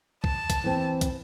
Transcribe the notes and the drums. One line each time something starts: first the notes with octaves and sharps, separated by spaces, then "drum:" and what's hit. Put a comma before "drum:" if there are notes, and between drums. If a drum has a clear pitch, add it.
A5, drum: kick
drum: kick, hi-hat
E3 C4
drum: kick, hi-hat